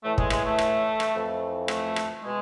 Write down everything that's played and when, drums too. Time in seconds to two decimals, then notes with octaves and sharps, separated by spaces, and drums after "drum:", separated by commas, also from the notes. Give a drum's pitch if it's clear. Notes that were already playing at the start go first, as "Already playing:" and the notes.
0.04 A2 E3 A3
0.18 G#3, drum: kick
0.30 G#3, drum: rim click
0.44 A3
0.58 drum: rim click
1.00 drum: rim click
1.14 F2 E3
1.68 A3, drum: rim click
1.96 drum: rim click
2.23 B2 G#3